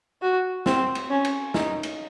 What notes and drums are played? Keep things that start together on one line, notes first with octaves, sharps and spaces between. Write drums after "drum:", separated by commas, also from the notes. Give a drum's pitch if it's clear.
F#4
C4, drum: snare
drum: cymbal
C#4
drum: cymbal
D#4, drum: snare
drum: cymbal